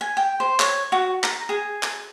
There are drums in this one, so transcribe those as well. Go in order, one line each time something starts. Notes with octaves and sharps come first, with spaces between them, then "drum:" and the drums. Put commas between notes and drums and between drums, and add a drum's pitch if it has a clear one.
G#5
G5
C5
C#5, drum: clap
F#4
A#5, drum: clap
G#4
drum: clap